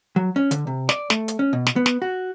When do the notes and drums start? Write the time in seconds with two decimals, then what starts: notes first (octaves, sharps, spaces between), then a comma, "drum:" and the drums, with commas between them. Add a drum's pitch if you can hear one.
0.16 F#3
0.36 C#4
0.51 D3, drum: hi-hat
0.67 C3
0.89 D5, drum: snare
1.10 A3, drum: snare
1.28 drum: hi-hat
1.39 C#4
1.53 B2
1.67 drum: snare
1.76 B3
1.86 drum: snare
2.02 F#4